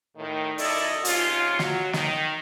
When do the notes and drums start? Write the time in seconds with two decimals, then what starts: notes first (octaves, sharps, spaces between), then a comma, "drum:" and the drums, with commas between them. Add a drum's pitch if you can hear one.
0.17 A2 D#3
0.58 F#2 D#3 E4 A4 D5 D#5, drum: open hi-hat
1.05 G#2 C3 C#4 F4, drum: hi-hat
1.59 F#3, drum: snare
1.93 D#3, drum: snare